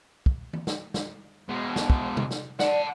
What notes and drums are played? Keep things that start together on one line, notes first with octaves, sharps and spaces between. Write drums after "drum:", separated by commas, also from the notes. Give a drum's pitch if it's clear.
drum: kick
drum: tom E3
drum: snare
drum: snare
B2 G#3
drum: snare
drum: kick
drum: tom C3
drum: snare
D5 F#5 A5, drum: snare